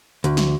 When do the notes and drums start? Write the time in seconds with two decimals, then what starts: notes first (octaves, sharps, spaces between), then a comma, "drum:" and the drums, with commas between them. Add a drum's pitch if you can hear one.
0.24 D2, drum: hi-hat
0.37 drum: snare